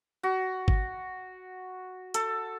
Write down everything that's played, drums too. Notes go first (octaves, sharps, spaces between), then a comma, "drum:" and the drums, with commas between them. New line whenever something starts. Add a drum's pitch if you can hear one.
F#4
drum: kick G#1
A4, drum: hi-hat